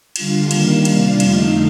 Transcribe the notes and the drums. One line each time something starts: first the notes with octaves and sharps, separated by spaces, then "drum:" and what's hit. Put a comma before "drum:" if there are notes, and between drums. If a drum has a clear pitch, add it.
D3 G3 D4 F4 F5, drum: cymbal
D#3 G3 A#3, drum: cymbal
C3 G3 D4 F4, drum: cymbal
F2 D3 A3 D#4 F5, drum: cymbal